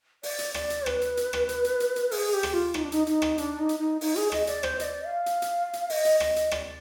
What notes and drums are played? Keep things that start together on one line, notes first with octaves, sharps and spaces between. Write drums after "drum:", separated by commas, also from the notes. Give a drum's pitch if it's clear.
D5, drum: open hi-hat
drum: hi-hat
D5, drum: rim click
drum: hi-hat
B4, drum: rim click
drum: hi-hat
drum: hi-hat
drum: rim click
drum: hi-hat
drum: hi-hat
drum: hi-hat
drum: hi-hat
G#4, drum: open hi-hat
G4
drum: rim click
F4
D#4, drum: rim click
D4
D#4, drum: hi-hat
D#4, drum: hi-hat
drum: rim click
D4, drum: hi-hat
D#4
drum: hi-hat
D#4
D#4, drum: open hi-hat
G#4, drum: hi-hat
D#5, drum: rim click
D5, drum: hi-hat
C5, drum: rim click
D#5, drum: hi-hat
D5
F5
drum: hi-hat
drum: hi-hat
drum: hi-hat
D#5, drum: open hi-hat
drum: hi-hat
D#5, drum: rim click
drum: hi-hat
D5, drum: rim click